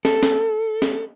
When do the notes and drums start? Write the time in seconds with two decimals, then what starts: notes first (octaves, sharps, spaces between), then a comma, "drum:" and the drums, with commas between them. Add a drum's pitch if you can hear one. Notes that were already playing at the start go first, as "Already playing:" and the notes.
0.05 A4, drum: snare
0.23 drum: snare
0.82 drum: snare